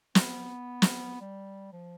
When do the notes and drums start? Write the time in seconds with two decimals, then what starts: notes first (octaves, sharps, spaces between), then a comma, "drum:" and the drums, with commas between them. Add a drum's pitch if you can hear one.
0.15 C4, drum: snare
0.19 B3
0.82 drum: snare
1.21 G3
1.72 F3